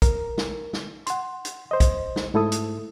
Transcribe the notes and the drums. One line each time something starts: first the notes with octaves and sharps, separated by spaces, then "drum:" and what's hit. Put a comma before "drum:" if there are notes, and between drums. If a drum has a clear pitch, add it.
A#4, drum: kick B1, hi-hat
drum: snare
drum: snare
F#5 C6, drum: hi-hat
drum: hi-hat
C5 D#5
drum: kick B1, hi-hat
drum: snare
G#2 A3 E4 A4 D#6
drum: hi-hat